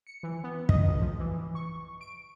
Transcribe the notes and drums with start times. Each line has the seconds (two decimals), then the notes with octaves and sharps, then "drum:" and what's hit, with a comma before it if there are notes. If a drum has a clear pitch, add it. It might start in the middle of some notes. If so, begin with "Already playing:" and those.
0.07 C#7
0.23 E3
0.44 B3
0.69 D#5, drum: kick
0.87 B1
1.01 F3
1.20 E3
1.55 C#6
2.01 D7